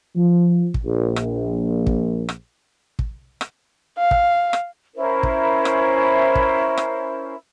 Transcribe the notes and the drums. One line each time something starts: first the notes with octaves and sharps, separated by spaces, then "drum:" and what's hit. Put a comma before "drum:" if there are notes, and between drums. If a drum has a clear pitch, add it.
F3
drum: kick
A#1
drum: rim click
drum: kick
drum: rim click
drum: kick
drum: rim click
F5
drum: kick
drum: rim click
C#4 E4 A#4 C5
drum: kick
drum: rim click
drum: kick
drum: rim click